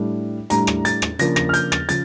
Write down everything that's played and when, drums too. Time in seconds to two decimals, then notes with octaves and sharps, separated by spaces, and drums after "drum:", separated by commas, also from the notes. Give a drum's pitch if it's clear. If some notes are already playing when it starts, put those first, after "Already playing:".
Already playing: A2 G3 D4
0.50 A2 G3 D4 A#5, drum: hi-hat
0.67 drum: rim click
0.85 A6, drum: hi-hat
1.02 drum: rim click
1.19 C#3 F3 A#3 D4 A#6, drum: hi-hat
1.36 A#6, drum: rim click
1.49 F6
1.53 G6, drum: hi-hat
1.72 A6, drum: rim click
1.89 C#3 F3 A6, drum: hi-hat